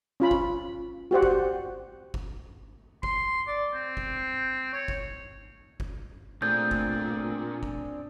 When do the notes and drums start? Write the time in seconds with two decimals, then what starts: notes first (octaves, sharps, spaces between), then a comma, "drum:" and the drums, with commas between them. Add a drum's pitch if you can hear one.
0.20 C#4 F4 B5
0.31 drum: kick G1
1.11 F#4 G4 C5 F#5
1.23 drum: kick G1
2.14 drum: kick G1
3.03 C6, drum: kick G1
3.47 D5
3.74 C4
3.97 drum: kick G1
4.73 C#5
4.88 drum: kick G1
5.80 drum: kick G1
6.42 A#2 A3 C4 D4 G#4 G6
6.71 drum: kick G1
7.63 drum: kick G1